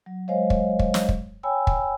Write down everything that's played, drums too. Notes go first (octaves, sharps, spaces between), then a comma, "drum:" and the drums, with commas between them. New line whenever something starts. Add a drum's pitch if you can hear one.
F#3
F#3 G#3 C5 C#5 D#5 F5
drum: kick
drum: kick
drum: snare
drum: kick
C#5 G5 G#5 B5 E6
drum: kick